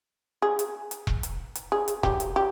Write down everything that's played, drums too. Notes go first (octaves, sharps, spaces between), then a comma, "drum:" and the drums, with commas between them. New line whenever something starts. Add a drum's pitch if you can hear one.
G#4
drum: hi-hat
drum: hi-hat
drum: kick E1
drum: hi-hat
drum: hi-hat
G#4
drum: hi-hat
G4, drum: kick E1
drum: hi-hat
G4